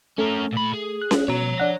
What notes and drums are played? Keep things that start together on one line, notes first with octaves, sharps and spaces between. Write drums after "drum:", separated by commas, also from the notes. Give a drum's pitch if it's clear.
A3 C#4 A#4
A#2 B5
G#4
F#6
drum: snare C#4
B2 C#5 A#5
D4 F#5 A#6